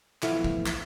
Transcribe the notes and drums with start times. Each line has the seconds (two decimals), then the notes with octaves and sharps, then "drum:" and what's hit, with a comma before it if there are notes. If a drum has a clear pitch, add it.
0.23 B1 E3 F3 A3 B3 F6, drum: clap
0.44 drum: kick A1
0.66 drum: clap